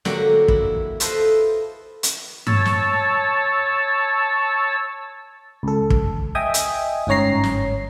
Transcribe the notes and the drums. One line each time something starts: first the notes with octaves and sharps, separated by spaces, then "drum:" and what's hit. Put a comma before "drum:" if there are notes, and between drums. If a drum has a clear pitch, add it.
D3 F#3 A#3 F#4 G4, drum: snare
E4, drum: kick
E4 F4 A4 B4 C5 D#5, drum: hi-hat
drum: hi-hat
C#5 A5 E6, drum: tom G2
drum: snare
C#2 A4
drum: kick
D#5 E5 G5 G#5 D#6
drum: hi-hat
G1 G#2 C#4 C#5 A#5 C7
drum: snare